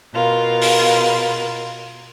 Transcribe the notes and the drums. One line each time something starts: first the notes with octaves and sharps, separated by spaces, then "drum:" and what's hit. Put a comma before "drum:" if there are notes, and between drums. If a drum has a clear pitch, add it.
B2 F4 A#4
drum: open hi-hat